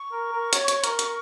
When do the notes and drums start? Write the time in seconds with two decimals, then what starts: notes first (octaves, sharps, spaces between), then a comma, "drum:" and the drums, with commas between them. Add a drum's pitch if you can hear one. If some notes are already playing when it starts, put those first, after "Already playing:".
Already playing: C#6
0.12 A#4
0.32 A#4
0.53 C#5, drum: hi-hat
0.68 drum: hi-hat
0.84 A#4, drum: hi-hat
0.99 drum: hi-hat